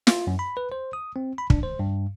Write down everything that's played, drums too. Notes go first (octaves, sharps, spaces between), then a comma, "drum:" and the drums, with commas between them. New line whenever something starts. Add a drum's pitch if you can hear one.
F4, drum: snare
F#2
B5
B4
C5
D#6
C4
B5
D4, drum: kick
C5
G2